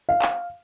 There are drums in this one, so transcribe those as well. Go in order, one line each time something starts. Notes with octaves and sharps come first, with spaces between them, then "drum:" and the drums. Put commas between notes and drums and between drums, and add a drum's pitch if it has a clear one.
F5
drum: clap